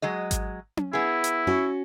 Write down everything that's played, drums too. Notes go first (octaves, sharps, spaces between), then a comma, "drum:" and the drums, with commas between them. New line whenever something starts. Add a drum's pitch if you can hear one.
F#3 G#3 D#5
drum: kick G#1, hi-hat
drum: tom C#4
B3 E4 G#4
drum: hi-hat
C#4 F#4